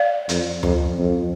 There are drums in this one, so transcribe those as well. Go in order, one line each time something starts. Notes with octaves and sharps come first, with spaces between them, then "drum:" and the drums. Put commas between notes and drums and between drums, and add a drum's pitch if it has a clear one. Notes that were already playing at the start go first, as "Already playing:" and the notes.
Already playing: D5 F5
F2, drum: hi-hat
F2, drum: tom D2
F2